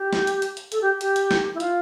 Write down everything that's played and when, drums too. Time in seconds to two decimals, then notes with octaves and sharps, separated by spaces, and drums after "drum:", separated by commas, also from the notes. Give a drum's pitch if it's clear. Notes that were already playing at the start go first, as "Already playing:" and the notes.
Already playing: G4
0.13 drum: snare
0.27 drum: hi-hat
0.42 drum: hi-hat
0.57 drum: hi-hat
0.72 A4, drum: hi-hat
0.81 G4
1.01 G4, drum: hi-hat
1.16 drum: hi-hat
1.31 drum: snare
1.54 E4
1.60 F4, drum: hi-hat